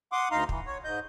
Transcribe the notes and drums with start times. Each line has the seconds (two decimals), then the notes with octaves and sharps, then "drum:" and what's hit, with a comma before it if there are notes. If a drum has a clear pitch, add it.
0.12 F#5 C6 D6 D#6
0.31 D2 D#4 F5 A#5 C6
0.49 E3, drum: kick
0.67 C#5
0.84 G#2 D#5 G6